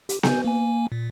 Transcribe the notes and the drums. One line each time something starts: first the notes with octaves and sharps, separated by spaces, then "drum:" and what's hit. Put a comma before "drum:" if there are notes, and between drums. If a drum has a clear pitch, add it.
G4, drum: hi-hat
G#5 G6, drum: snare B3
A#3 G#5
A#2